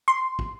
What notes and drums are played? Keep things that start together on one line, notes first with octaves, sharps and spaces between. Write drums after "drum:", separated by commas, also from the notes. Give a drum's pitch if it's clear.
C6
drum: kick